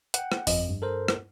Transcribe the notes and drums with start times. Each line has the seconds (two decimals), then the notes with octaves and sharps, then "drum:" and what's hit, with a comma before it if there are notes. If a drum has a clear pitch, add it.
0.14 F#5 G5, drum: hi-hat
0.32 drum: rim click
0.47 G1 F2 F3 D#5, drum: open hi-hat
0.68 G2
0.82 A4 A#4 C5
1.08 drum: rim click